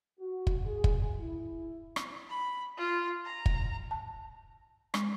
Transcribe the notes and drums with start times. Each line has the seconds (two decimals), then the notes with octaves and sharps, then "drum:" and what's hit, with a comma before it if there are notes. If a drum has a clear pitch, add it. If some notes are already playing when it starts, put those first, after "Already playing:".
0.19 F#4
0.47 drum: kick
0.65 G#4
0.84 drum: kick
1.20 E4
1.96 drum: rim click
2.30 B5
2.78 F4
3.26 A#5
3.46 drum: kick
3.91 A5
4.94 G#3, drum: rim click